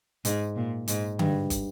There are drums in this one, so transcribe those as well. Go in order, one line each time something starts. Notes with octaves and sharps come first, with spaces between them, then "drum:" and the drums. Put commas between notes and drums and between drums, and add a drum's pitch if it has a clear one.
G#2, drum: hi-hat
A#2
G#2, drum: hi-hat
G2, drum: tom D3
drum: kick, hi-hat